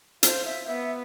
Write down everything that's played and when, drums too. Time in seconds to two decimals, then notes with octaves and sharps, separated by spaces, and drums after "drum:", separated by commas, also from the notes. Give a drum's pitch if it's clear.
0.23 F4 C5, drum: hi-hat
0.45 E5
0.68 B3 E5